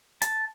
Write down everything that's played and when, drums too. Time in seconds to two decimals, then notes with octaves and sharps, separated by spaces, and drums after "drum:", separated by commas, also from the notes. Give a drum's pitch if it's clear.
0.22 A5, drum: hi-hat